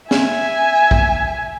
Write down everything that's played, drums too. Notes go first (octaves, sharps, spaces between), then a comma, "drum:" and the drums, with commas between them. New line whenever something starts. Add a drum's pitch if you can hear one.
E5 G#5, drum: snare
drum: kick